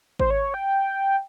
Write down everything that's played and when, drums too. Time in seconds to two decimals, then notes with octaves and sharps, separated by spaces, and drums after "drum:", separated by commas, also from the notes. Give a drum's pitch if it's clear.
0.19 C5, drum: kick G#1
0.30 C#5
0.54 G5